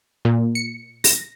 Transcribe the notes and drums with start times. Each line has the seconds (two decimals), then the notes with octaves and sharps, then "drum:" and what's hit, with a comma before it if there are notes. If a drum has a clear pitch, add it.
0.25 A#2
0.55 C#7
1.04 A#6, drum: open hi-hat